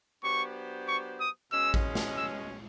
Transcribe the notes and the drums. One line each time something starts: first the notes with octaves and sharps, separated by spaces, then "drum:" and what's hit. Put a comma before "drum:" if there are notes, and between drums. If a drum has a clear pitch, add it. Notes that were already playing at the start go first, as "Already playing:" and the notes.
F#3 B3 D4 G4 C5 C#6
C#6
D#6
B2 G#3 C#4 E6
drum: kick A1
drum: snare
E6